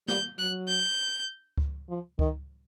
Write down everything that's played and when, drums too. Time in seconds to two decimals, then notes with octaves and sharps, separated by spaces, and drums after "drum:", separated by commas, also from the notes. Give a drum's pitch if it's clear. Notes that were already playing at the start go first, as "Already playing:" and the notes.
0.08 G3 G6, drum: snare
0.38 F#3 F#6
0.68 G6
1.58 drum: kick C#2
1.89 F3
2.19 D#3, drum: kick C#2